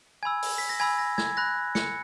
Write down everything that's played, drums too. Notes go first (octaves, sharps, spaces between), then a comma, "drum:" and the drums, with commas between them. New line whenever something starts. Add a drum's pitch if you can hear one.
G#5 B5 E6 G#6
drum: open hi-hat
B6
A#6
G#5 B5 E6 G#6
A#6
G#6, drum: snare
B5 F#6 A#6
C#7, drum: snare